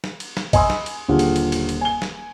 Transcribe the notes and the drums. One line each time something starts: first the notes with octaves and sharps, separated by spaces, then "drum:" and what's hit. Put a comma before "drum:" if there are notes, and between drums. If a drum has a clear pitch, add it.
drum: snare
drum: cymbal
drum: snare
D#5 G#5 B5 C6 D#6 E6, drum: kick A#1, cymbal
drum: snare
drum: cymbal
D#1 D3 F4 G4 G#4 F#5
drum: cymbal
drum: cymbal
drum: cymbal
drum: cymbal
G#5 G7
drum: snare